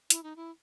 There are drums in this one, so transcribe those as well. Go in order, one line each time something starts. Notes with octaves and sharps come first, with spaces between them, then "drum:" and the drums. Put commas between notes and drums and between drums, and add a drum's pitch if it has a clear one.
E4, drum: hi-hat
D#4
E4